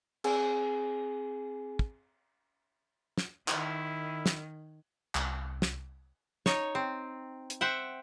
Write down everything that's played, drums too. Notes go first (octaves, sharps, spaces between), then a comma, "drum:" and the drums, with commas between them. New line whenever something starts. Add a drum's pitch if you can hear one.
C4 G#4 G#5, drum: cymbal
drum: kick
drum: snare
D#3 E4, drum: clap
drum: snare
C2, drum: clap
drum: snare
D#4 C#5, drum: snare
C4
drum: hi-hat
C5 E5 F#5 G5